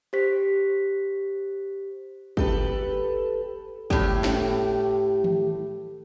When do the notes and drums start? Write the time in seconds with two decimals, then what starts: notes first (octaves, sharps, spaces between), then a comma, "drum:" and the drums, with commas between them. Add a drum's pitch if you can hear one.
0.13 G4 C5 B6
2.37 G4 A4 B4, drum: kick
3.90 A2 G4, drum: kick
4.24 drum: snare
5.24 drum: tom D#3